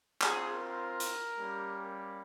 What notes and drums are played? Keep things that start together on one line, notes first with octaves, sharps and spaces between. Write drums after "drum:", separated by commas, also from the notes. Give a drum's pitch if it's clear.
C4 F4 G#4, drum: clap
A#4
drum: hi-hat
G3 A#3 C#4 G4